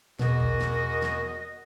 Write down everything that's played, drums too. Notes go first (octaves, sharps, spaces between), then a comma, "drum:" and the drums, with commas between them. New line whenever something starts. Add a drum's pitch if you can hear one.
E2 B2 F#4 A#4 D#5, drum: snare
drum: kick
drum: snare
drum: snare